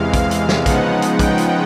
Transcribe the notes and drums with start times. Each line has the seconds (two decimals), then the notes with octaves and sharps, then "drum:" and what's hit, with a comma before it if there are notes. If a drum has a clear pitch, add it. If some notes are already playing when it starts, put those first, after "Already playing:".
Already playing: E2 C3 E3 G#3 F5
0.14 F5, drum: kick, hi-hat
0.31 drum: hi-hat
0.49 drum: snare
0.66 C#3 F3 G#3 B3 D#4 F#5, drum: kick, hi-hat
1.02 drum: hi-hat
1.19 G5, drum: kick, hi-hat
1.38 drum: hi-hat